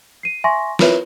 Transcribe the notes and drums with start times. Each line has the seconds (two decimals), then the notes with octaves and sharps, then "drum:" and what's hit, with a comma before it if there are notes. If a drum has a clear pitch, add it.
0.23 C7 D#7
0.44 E5 G#5 C6 C#6 A#6
0.79 E4 F4 A#4 B4 C#5 E5, drum: snare